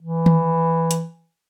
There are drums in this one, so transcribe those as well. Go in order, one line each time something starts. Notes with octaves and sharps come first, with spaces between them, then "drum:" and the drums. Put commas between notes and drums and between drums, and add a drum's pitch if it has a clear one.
E3
drum: tom D#3
drum: hi-hat